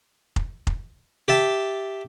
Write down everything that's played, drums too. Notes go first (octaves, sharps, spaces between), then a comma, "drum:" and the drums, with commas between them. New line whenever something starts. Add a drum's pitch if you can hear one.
drum: kick F1
drum: kick F1
G4 E5 A5